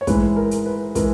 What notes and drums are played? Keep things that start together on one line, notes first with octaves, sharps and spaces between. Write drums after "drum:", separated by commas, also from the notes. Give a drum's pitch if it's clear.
C#5
G#2 E3 G#3 B4, drum: kick, hi-hat
A#4
drum: hi-hat
B4
E3 G#3 A#4, drum: kick, hi-hat